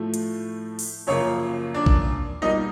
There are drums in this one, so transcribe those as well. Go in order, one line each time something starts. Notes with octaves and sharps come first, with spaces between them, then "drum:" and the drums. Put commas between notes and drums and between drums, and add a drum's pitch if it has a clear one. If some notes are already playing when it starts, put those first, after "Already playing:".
Already playing: A2 F3 A3
drum: hi-hat
drum: open hi-hat
F#2 C#3 F3 A#3 C#5
D4 D5
drum: kick A#1
B2 G3 A#3 D#4 D#5